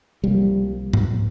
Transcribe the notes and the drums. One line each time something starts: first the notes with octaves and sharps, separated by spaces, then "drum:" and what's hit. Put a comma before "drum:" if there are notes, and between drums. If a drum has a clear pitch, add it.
C2 C3 F3 G3 A#3
drum: tom